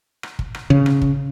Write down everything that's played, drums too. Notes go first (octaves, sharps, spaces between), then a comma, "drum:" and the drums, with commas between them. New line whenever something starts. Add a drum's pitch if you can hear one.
drum: rim click
drum: kick
drum: rim click
C#3
drum: rim click
drum: kick